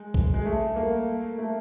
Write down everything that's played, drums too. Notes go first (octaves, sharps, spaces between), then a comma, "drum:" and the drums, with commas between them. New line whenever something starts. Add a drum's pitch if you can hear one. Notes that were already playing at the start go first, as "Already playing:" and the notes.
Already playing: G#3
drum: kick A#1
G#3
A3
A#3
A3